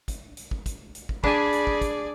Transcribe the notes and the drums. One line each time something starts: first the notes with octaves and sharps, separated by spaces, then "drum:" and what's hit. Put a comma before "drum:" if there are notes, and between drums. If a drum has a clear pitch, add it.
drum: kick, hi-hat
drum: hi-hat
drum: kick
drum: kick, hi-hat
drum: hi-hat
drum: kick
D4 G#4 D5 G#5 B5, drum: kick
drum: hi-hat
drum: kick
drum: kick, hi-hat